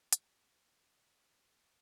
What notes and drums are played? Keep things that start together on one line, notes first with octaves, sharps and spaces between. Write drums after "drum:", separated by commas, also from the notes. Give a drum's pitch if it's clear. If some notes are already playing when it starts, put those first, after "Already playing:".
G#3 G#4, drum: hi-hat
G#3
G#3 B4
G#3
G#2 B4
F3 C5
G#2 D#5
F3 D#5
D5